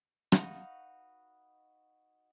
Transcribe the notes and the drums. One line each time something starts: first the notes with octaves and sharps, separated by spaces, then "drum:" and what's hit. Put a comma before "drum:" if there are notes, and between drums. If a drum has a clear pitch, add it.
D#4 F#4 B4 F5, drum: rim click